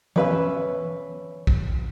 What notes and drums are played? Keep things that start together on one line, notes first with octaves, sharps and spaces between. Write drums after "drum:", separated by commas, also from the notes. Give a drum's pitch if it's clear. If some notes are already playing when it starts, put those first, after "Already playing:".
C#4 B4 E5, drum: tom E3
drum: kick A#1